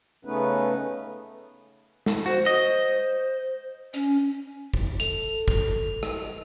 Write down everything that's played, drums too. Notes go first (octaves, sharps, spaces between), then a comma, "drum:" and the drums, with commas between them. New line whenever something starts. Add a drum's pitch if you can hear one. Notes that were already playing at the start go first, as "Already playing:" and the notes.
C#3 A3 B3 C#4 D#4 B4
drum: snare
F#4 C5
D#5
C#4, drum: hi-hat
drum: kick
A4 F7, drum: hi-hat
drum: kick
drum: rim click